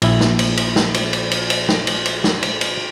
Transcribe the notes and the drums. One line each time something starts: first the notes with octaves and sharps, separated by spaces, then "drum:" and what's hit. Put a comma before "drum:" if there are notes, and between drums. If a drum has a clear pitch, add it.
A#1 E4, drum: cymbal
drum: snare
drum: cymbal
drum: cymbal
drum: snare
drum: cymbal
drum: cymbal
drum: cymbal
drum: cymbal
drum: snare
drum: cymbal
drum: cymbal
drum: snare
drum: cymbal
drum: cymbal